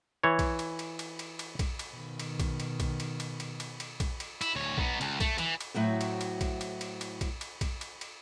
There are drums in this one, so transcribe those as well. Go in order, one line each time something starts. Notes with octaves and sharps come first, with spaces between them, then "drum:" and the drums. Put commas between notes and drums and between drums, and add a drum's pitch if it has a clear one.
E3 C#5
drum: kick A#1, cymbal
drum: cymbal
drum: cymbal
drum: cymbal
drum: cymbal
drum: cymbal
drum: kick A#1, cymbal
drum: cymbal
B2 D#3
drum: cymbal
drum: kick A#1, cymbal
drum: cymbal
drum: kick A#1, cymbal
drum: cymbal
drum: cymbal
drum: cymbal
drum: cymbal
drum: cymbal
drum: kick A#1, cymbal
drum: cymbal
E4, drum: cymbal
D2 C#5
B3 D#4, drum: kick A#1
C#2, drum: cymbal
A3, drum: kick A#1, cymbal
E3, drum: cymbal
drum: cymbal
A2 F#3 C4 F#4
drum: cymbal
drum: cymbal
drum: kick A#1, cymbal
drum: cymbal
drum: cymbal
drum: cymbal
drum: kick A#1, cymbal
drum: cymbal
drum: kick A#1, cymbal
drum: cymbal
drum: cymbal